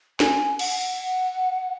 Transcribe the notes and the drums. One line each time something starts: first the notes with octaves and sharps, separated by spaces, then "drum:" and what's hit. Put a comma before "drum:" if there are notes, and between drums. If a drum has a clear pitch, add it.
G#5, drum: snare
F#5, drum: cymbal